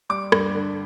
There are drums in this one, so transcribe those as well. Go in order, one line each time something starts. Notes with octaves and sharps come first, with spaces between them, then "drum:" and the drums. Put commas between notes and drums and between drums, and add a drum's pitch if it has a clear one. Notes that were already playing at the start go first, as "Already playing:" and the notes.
G3 D6
G2, drum: rim click
D3